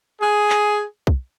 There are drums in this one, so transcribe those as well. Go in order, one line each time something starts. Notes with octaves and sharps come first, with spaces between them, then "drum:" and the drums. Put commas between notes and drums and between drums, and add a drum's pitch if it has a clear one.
G#4
drum: clap
drum: kick B1